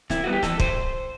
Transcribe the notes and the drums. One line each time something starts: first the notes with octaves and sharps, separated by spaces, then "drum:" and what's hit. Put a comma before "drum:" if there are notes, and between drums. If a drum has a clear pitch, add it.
C3 E4, drum: snare
G3 B3 F#4
G4
E3 A4, drum: snare
A3 C5, drum: kick